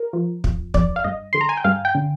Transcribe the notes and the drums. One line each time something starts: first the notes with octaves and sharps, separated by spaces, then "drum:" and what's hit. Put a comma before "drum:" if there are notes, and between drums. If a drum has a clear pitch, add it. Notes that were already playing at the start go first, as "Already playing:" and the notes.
Already playing: A#4
F3
F2, drum: kick
F2 D5, drum: kick
F5
G2 D#5
D3 C6
A#5
G#5
G5
G2 F5
G5
D3